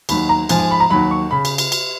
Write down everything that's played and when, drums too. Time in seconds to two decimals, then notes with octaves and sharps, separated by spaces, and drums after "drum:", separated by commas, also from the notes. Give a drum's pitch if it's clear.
0.09 D#2 D#3 F#3 B5, drum: cymbal
0.29 A#5
0.49 G#2 F3 G#5, drum: cymbal
0.60 G#5
0.71 B5
0.80 A#5
0.90 D#2 D#3 F#3 B5
1.11 C#6
1.31 C#3 B5
1.45 drum: cymbal
1.58 drum: cymbal
1.72 drum: cymbal